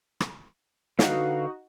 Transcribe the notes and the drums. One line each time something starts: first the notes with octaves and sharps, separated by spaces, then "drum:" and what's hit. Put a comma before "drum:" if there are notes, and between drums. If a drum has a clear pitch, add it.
drum: rim click
D3 D#4 F#4 B4 F5, drum: snare